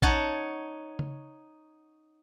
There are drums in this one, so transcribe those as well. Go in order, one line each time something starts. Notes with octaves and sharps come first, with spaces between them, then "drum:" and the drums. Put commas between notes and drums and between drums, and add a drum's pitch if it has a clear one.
D#4 C#5 F#5 A5, drum: kick A#1
drum: tom C#3